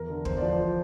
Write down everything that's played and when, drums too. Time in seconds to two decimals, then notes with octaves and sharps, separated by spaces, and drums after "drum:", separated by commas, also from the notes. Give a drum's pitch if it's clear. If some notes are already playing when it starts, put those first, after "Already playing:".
Already playing: E2 A#4
0.10 D3
0.25 E2 C5, drum: kick
0.37 F3 D5
0.48 C5